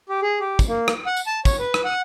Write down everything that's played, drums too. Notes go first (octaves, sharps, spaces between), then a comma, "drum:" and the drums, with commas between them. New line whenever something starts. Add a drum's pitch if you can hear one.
G4
G#4
G4
drum: kick, tambourine
A#3
drum: rim click
F#5
drum: tambourine
A5
C#5, drum: kick, tambourine
B4
drum: rim click
F#5